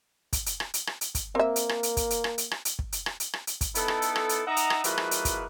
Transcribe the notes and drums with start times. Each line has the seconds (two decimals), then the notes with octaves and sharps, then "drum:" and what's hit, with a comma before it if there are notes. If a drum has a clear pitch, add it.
0.33 drum: kick, hi-hat
0.46 drum: hi-hat
0.60 drum: rim click
0.74 drum: hi-hat
0.87 drum: rim click
1.01 drum: hi-hat
1.15 drum: kick, hi-hat
1.35 A#3 C4 E5
1.56 drum: hi-hat
1.69 drum: rim click
1.83 drum: hi-hat
1.97 drum: kick, hi-hat
2.10 drum: hi-hat
2.24 drum: rim click
2.38 drum: hi-hat
2.51 drum: rim click
2.65 drum: hi-hat
2.79 drum: kick
2.92 drum: hi-hat
3.06 drum: rim click
3.20 drum: hi-hat
3.33 drum: rim click
3.47 drum: hi-hat
3.61 drum: kick, hi-hat
3.75 B3 D#4 E4 A4, drum: hi-hat
3.88 drum: rim click
4.02 drum: hi-hat
4.16 drum: rim click
4.29 drum: hi-hat
4.46 D#4 D#5 E5 F#5 A#5
4.57 drum: hi-hat
4.70 drum: rim click
4.84 F3 G#3 A#3 E4 F#4 B4, drum: hi-hat
4.98 drum: rim click
5.11 drum: hi-hat
5.25 drum: kick, hi-hat